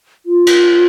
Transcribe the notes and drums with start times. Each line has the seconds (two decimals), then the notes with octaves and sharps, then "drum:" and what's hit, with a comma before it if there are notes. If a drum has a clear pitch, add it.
0.26 F4
0.47 drum: cymbal